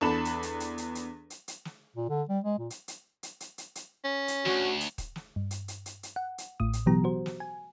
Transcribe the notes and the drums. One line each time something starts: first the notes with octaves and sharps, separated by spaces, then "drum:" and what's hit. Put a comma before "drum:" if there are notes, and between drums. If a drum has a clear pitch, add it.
E2 D4 A4 B5 E7
drum: hi-hat
drum: hi-hat
drum: hi-hat
drum: hi-hat
drum: hi-hat
drum: hi-hat
drum: hi-hat
drum: snare
A#2
D3
G3
G#3
A#2
drum: hi-hat
drum: hi-hat
drum: hi-hat
drum: hi-hat
drum: hi-hat
drum: hi-hat
C#4
drum: hi-hat
D2 F#4, drum: snare
drum: hi-hat
drum: kick D#1, hi-hat
drum: snare
G2
drum: hi-hat
drum: hi-hat
drum: hi-hat
drum: hi-hat
F#5
drum: hi-hat
A1 A2 D#6
drum: hi-hat
B2 E3 F#3 B3 G4 A#5
F#4 C5
drum: snare
G#5